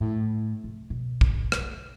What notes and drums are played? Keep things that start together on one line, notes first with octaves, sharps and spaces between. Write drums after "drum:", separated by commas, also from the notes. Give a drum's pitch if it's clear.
A2
C2
B2
drum: kick
drum: rim click